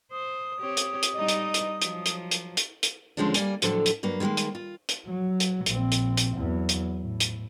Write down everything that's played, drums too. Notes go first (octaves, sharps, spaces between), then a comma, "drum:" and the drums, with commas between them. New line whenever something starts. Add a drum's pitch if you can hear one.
C5 D#6
C4 G4 C#5
drum: hi-hat
drum: hi-hat
G3 D#4 D#5
drum: hi-hat
drum: hi-hat
F3 F#3, drum: hi-hat
drum: hi-hat
drum: hi-hat
drum: hi-hat
drum: hi-hat
D#2 D3 F3 G#3 C#4 D4
G3 A#3 D5 G#5, drum: hi-hat
A2 D3 F3 F#3 A4 D5, drum: hi-hat
drum: hi-hat
G2 F#3 A#3
D3 D#3 G3 G#3 A#3
drum: hi-hat
F4
drum: hi-hat
F#3
drum: hi-hat
A#1 C4, drum: hi-hat
drum: hi-hat
drum: hi-hat
E2 F#3
drum: hi-hat
A2
drum: hi-hat